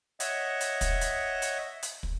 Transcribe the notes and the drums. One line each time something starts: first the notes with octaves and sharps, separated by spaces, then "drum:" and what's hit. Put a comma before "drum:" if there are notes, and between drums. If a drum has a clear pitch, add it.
C#5 D#5 E5 F#5, drum: hi-hat
drum: hi-hat
drum: kick, hi-hat
drum: hi-hat
drum: hi-hat
drum: hi-hat
drum: kick